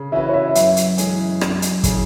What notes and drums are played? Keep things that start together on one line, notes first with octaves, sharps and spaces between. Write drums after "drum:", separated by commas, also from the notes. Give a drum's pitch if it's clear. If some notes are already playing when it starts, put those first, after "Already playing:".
Already playing: C#3
E3 C#4 F#4 B4 E5
C#5
E5
F#2, drum: hi-hat
drum: hi-hat
E3 G#3 C#4 G#4, drum: hi-hat
F#2, drum: rim click
drum: hi-hat
C#3 E3 C#4 G#4, drum: kick, hi-hat